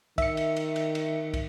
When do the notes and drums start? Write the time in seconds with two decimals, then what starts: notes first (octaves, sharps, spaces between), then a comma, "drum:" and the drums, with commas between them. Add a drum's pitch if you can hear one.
0.18 D#3 E5 C#7, drum: kick, cymbal
0.37 drum: cymbal
0.56 drum: cymbal
0.76 drum: cymbal
0.95 drum: cymbal
1.34 drum: kick, cymbal